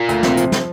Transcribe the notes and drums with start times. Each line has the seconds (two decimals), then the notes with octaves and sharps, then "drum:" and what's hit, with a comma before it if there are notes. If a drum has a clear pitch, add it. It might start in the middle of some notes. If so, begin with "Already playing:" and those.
Already playing: A#2
0.09 D2, drum: hi-hat
0.23 C3, drum: snare
0.37 F3, drum: hi-hat
0.52 drum: snare